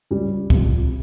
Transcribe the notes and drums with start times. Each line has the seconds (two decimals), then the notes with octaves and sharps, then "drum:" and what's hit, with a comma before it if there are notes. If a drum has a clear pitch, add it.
0.11 C#2 G3
0.50 C3 F3, drum: kick